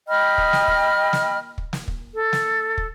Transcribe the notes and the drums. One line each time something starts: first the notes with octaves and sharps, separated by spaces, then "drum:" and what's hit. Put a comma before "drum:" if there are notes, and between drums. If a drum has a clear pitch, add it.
D#5 G5 B5 F6
drum: kick
drum: snare
drum: kick
drum: snare
drum: kick
drum: snare
drum: kick
A4
drum: snare
drum: kick